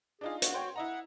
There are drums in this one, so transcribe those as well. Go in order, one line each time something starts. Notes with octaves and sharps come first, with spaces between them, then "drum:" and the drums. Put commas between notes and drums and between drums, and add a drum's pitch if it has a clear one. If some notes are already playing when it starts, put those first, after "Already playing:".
D4 D#4 F4 G#4
F#4, drum: hi-hat
C#5 G5 C6
E4 D#5 F#5 A#5